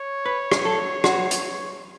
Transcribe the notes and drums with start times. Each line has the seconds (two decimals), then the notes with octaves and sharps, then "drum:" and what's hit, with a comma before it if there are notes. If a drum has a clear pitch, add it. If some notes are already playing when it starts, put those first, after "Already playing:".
Already playing: C#5
0.26 B4
0.52 drum: rim click
0.65 A4
1.04 F#4, drum: rim click
1.31 drum: hi-hat